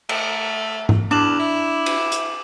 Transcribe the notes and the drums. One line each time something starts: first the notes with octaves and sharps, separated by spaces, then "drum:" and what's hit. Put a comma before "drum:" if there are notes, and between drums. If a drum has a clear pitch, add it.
A3, drum: cymbal
drum: tom G#2
E2 D4 D6 E7 F#7
E4
drum: cymbal
drum: hi-hat